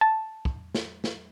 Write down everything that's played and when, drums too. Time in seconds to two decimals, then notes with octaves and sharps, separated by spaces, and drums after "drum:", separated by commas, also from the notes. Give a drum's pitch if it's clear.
0.01 A5
0.45 drum: kick
0.75 drum: snare
1.04 drum: snare